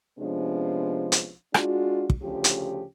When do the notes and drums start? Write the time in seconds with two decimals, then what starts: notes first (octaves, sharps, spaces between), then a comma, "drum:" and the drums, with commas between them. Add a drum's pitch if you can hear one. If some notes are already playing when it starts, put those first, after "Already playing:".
0.18 C3 F3 G#3 B3 C#4 D4
1.12 drum: hi-hat
1.54 G#3 D4 F4 F#4, drum: rim click
2.10 drum: kick
2.21 D2 C#3 F3 F4 G4
2.44 drum: hi-hat